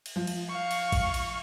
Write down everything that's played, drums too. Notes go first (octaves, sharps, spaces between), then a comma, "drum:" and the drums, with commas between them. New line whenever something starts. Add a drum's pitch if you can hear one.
drum: cymbal
F3
drum: cymbal
F5 C#6
drum: cymbal
drum: kick A1, cymbal
drum: cymbal